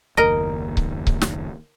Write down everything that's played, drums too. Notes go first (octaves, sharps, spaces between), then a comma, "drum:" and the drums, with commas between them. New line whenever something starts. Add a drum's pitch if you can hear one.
F#1 D#2 A#4 D#5
drum: kick C#1
drum: kick C#1
drum: snare